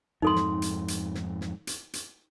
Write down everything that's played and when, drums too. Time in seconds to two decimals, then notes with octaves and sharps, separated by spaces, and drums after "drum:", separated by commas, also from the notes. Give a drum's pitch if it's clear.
0.22 F2 G#2 D#4 A4 C6
0.36 drum: snare
0.62 drum: hi-hat
0.88 drum: hi-hat
1.15 drum: snare
1.41 drum: snare
1.67 drum: hi-hat
1.93 drum: hi-hat